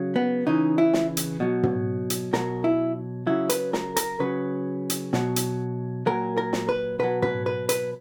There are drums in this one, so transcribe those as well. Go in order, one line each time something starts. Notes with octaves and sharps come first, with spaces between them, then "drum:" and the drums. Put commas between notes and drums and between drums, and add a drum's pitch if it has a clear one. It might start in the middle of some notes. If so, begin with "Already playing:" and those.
Already playing: C#3 F#3
B3
C#3 E3 D#4
E4
drum: snare
drum: hi-hat
B2 F#3
drum: tom
drum: hi-hat
B2 F#3 A#4, drum: snare
E4
C#3 F#3 E4
B4, drum: hi-hat
A#4, drum: snare
A#4, drum: hi-hat
C#3 F#3 B4
drum: hi-hat
B2 F#3, drum: snare
drum: hi-hat
A#2 F#3 A#4
A#4
drum: snare
B4
B2 F#3 B4
B4, drum: tom
B4
B4, drum: hi-hat